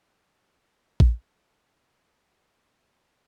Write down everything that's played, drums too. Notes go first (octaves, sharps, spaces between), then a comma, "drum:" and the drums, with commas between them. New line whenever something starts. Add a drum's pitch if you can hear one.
G3 A3
F3 G3
drum: kick A#1
F3
E3
D#3
E3
D#3
E3
D#3
D3
D#3
D3